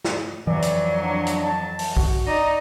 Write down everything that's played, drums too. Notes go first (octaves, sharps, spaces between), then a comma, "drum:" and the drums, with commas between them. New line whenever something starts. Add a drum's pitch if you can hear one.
drum: snare
F2 E3 F#3 D5
drum: hi-hat
D4
drum: hi-hat
A5
drum: open hi-hat
F#4, drum: kick B1
D#4 D5